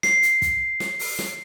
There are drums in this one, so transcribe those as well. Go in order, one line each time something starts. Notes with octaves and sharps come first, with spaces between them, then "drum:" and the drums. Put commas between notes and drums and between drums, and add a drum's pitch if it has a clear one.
C7, drum: snare
drum: hi-hat
drum: kick, hi-hat
drum: snare
drum: open hi-hat
drum: snare